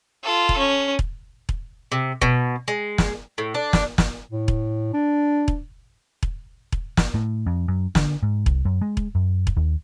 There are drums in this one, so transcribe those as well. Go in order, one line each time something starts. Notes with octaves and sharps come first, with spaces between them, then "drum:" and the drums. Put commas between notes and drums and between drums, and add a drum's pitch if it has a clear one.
F4 A4
drum: kick E1
C#4
drum: kick E1
drum: kick E1
C3
B2, drum: kick E1
G#3
drum: snare
A2
D4
drum: snare
drum: snare
A2
drum: kick E1
D4
drum: kick E1
drum: kick E1
drum: kick E1
drum: snare
A2
F2
F#2
D3, drum: snare
G#2
C2, drum: kick E1
F#2
G#3
drum: kick E1
F#2
drum: kick E1
D#2